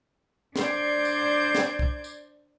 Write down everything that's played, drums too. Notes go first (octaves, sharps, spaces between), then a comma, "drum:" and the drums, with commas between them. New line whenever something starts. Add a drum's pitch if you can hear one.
D4 C5 D5 D6 G6 G#6, drum: snare
drum: tambourine
drum: snare
drum: kick
drum: tambourine